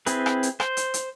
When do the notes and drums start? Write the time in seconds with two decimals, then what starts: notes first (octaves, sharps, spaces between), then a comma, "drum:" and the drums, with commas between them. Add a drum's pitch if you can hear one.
0.06 C4 E4 G#4 B4, drum: hi-hat
0.26 drum: rim click
0.43 drum: hi-hat
0.60 C5, drum: rim click
0.77 drum: hi-hat
0.94 drum: hi-hat